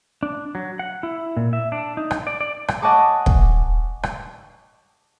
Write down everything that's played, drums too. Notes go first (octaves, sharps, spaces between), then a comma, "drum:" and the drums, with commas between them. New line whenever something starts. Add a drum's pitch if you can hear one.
D4
F#3
F#5
E4
A#2
E5
D4
D#4
drum: rim click
D5
D5
drum: rim click
D#5 F#5 G#5 A5 C#6 D6
drum: kick
drum: rim click